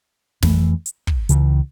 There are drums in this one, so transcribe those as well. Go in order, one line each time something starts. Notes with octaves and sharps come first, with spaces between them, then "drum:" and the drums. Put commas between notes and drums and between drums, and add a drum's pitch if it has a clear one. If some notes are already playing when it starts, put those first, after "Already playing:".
F2 E3 A3, drum: snare
drum: hi-hat
drum: kick
C#2 C#3 E3, drum: hi-hat